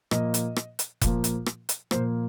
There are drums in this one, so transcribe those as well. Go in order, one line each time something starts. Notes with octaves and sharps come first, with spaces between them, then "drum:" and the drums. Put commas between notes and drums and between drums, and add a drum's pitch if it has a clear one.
A#2 F3 A#3 D#5, drum: rim click
drum: hi-hat
drum: rim click
drum: hi-hat
A#2 F3 A#3, drum: kick F1, hi-hat
drum: hi-hat
drum: rim click
drum: hi-hat
A#2 F3 A#3 C5, drum: rim click